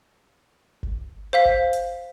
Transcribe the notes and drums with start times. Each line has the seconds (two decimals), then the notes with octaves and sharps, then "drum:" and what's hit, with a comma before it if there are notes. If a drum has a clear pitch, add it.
0.83 drum: kick G1
1.33 C5 F5 B6
1.45 drum: kick G1
1.73 drum: hi-hat